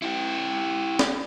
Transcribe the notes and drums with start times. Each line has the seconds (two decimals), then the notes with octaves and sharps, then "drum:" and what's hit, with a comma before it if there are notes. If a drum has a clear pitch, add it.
0.02 E4 G4
0.99 drum: snare